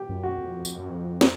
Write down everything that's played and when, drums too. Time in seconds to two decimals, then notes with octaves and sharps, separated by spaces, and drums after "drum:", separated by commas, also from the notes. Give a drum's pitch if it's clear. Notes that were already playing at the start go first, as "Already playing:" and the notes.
Already playing: G4
0.09 F#2
0.23 F#4
0.38 F2
0.65 F2, drum: tambourine
0.77 F#2
0.89 F2
1.21 drum: snare